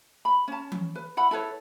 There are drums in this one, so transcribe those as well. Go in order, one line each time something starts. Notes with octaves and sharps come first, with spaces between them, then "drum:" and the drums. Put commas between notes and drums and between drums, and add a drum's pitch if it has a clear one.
B5
C#4 A5
drum: tom E3
B4
E4 F#5 B5
E4 A4 B4 C#5